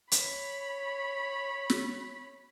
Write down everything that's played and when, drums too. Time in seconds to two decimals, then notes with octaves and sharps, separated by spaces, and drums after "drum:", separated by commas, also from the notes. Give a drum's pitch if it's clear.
0.12 C#5 B5, drum: hi-hat
1.70 drum: snare